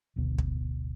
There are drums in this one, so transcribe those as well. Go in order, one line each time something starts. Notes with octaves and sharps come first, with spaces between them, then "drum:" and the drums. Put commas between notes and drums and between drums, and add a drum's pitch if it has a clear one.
D1 G#1 D2 B2
drum: kick